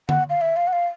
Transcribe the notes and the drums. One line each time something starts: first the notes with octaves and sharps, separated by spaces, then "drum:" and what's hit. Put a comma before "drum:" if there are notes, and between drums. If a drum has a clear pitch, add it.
F#5, drum: tom D3
F5
E5
F5
F#5
F5